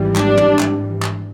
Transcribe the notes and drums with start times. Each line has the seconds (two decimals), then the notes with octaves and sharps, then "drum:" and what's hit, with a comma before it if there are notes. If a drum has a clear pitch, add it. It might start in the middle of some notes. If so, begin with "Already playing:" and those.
Already playing: G#1 G#2 E3 G3
0.16 D4, drum: clap
0.37 drum: tom
0.59 drum: clap
1.02 drum: clap